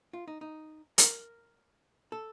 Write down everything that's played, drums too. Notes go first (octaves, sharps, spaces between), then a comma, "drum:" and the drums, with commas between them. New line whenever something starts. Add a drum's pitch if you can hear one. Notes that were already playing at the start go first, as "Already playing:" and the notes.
F4
D#4
D#4
A#4, drum: hi-hat
A4